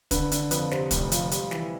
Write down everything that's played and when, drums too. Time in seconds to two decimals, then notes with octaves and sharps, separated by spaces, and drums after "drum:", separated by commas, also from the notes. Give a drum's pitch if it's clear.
0.11 D3 B4, drum: kick, hi-hat
0.32 D3, drum: hi-hat
0.51 F2 B4, drum: hi-hat
0.71 C3 C5, drum: snare
0.91 F1, drum: kick, hi-hat
1.12 F3, drum: hi-hat
1.31 G3, drum: hi-hat
1.51 E3, drum: snare